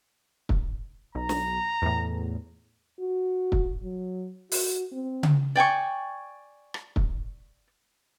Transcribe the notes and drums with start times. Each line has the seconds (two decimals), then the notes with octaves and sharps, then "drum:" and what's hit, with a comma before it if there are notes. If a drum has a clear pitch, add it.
0.49 drum: kick
1.15 B1 A#5
1.29 drum: snare
1.82 E2 A2
3.00 F#4
3.52 drum: kick
3.84 F#3
4.52 F#4, drum: open hi-hat
4.92 C4
5.23 drum: tom C#3
5.56 D5 G5 G#5 C#6
6.74 drum: rim click
6.96 drum: kick